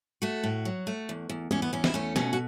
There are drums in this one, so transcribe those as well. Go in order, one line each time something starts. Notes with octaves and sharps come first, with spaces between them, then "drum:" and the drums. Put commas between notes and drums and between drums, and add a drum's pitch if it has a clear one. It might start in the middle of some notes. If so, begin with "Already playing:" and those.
A3 F#4
A2
F#3
A3
E2
E2
E2 C#4, drum: tom G#3
B3
E2 C#4
E4, drum: snare
A3 C#4
B2 C#4, drum: snare
F#4